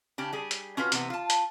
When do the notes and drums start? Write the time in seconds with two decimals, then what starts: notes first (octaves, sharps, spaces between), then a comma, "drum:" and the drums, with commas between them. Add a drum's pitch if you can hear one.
0.18 C#3 D4 G4
0.33 G3 G#4
0.51 drum: hi-hat
0.77 C#4 F4 F#4 B4
0.92 C3 E3 B3, drum: hi-hat
1.10 F4 A5
1.30 drum: hi-hat